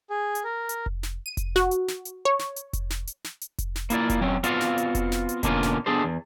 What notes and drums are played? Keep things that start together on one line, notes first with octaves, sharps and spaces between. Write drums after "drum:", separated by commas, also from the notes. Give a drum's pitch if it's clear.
G#4
drum: hi-hat
A#4
drum: hi-hat
drum: kick F1
drum: snare
D#7
drum: kick F1, hi-hat
F#4, drum: snare
drum: hi-hat
drum: snare
drum: hi-hat
C#5
drum: snare
drum: hi-hat
drum: kick F1, hi-hat
drum: snare
drum: hi-hat
drum: snare
drum: hi-hat
drum: kick F1, hi-hat
drum: snare
A#3 E4 F4 D5, drum: hi-hat
drum: kick F1, hi-hat
F#3 C4 C#4
B3 C4 F4 F#4 D5 F5, drum: hi-hat
drum: snare
drum: hi-hat
drum: kick F1, hi-hat
drum: snare
drum: hi-hat
B2 D3 A#3 B3 C#4 F4, drum: kick F1, hi-hat
drum: snare
B3 D4 G#4 A4 C5
E2